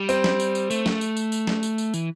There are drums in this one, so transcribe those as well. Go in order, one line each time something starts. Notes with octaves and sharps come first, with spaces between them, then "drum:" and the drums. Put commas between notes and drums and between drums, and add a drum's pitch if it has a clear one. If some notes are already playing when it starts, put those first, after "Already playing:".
Already playing: G3
C4, drum: tambourine
drum: snare
drum: tambourine
drum: tambourine
A3, drum: tambourine
drum: snare
drum: tambourine
drum: tambourine
drum: tambourine
drum: snare
drum: tambourine
drum: tambourine
E3, drum: tambourine